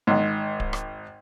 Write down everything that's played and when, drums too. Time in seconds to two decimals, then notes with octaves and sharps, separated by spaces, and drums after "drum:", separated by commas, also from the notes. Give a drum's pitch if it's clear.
0.07 G#1 G#2
0.60 drum: kick D1
0.73 drum: rim click